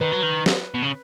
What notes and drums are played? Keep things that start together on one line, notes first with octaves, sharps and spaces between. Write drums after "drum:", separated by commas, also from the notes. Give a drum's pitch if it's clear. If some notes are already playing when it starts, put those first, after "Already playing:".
D#3 B4
F#3
D#3
drum: snare
B2
C#3